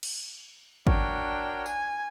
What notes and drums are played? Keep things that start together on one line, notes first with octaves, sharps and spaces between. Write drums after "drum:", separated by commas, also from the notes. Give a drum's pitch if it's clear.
drum: cymbal
D4 F#4 A#4 C#5 G5, drum: kick G#1
G#5, drum: tambourine